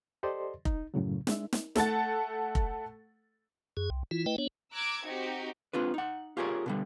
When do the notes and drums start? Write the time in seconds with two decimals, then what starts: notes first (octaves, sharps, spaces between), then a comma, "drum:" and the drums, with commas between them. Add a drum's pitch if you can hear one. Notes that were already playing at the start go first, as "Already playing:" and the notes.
0.23 G4 A4 C5 D5 D#5 C6
0.65 D#4, drum: kick F1
0.94 F#2 A2 C#3 F#3
1.27 G#3 D4 E5, drum: snare
1.53 drum: snare
1.76 A3 A4 F#5 A6, drum: snare
2.55 drum: kick F1
3.77 F#2 G#4
3.90 C2
4.11 E3 E4 F4
4.26 A3 E4 B4 D#5 G5
4.38 B3 D4 C#5
4.73 A#5 D6 E6 F#6 G#6
5.05 C4 D#4 F#4 G4
5.73 C4 D4 F4 B4
5.94 D#4 F#5
6.37 F4 G4 G#4 A#4 C#5
6.66 B2 D3 G3